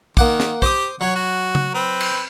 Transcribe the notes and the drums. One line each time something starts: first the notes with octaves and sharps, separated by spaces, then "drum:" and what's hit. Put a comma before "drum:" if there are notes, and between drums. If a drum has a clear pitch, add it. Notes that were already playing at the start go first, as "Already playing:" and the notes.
D#3 A#3 F#5 D6, drum: kick
drum: snare
G4 C5 D6 D#6, drum: kick
F#3 C#5 F#5
F#4
drum: tom C#3
C4 B4
drum: cymbal